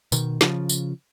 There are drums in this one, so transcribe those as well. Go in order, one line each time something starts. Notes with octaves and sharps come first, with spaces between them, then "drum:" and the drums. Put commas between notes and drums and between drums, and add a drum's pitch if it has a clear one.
B2 D#3, drum: tambourine
C#3 F3, drum: snare
drum: tambourine